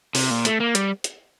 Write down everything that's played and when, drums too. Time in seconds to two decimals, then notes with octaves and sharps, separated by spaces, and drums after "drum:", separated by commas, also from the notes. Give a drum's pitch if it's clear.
0.15 C3, drum: open hi-hat
0.30 A#2
0.45 A3, drum: hi-hat
0.60 A#3
0.75 G3, drum: hi-hat
1.04 drum: hi-hat